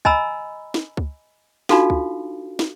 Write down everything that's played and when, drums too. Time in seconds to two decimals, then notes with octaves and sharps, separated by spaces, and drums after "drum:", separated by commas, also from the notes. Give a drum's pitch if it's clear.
0.05 D#5 G#5 A#5 B5 E6, drum: kick C#2
0.74 drum: snare
0.97 drum: kick C#2
1.69 D4 D#4 F4 F#4 A4 F5, drum: snare
1.90 drum: kick C#2
2.59 drum: snare